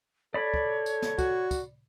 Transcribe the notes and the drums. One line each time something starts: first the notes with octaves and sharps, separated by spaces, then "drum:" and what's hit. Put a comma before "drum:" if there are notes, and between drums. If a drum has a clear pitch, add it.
A4 C#5 D5 B5
drum: kick
drum: tambourine
drum: snare
F#4, drum: kick, tambourine
drum: kick, tambourine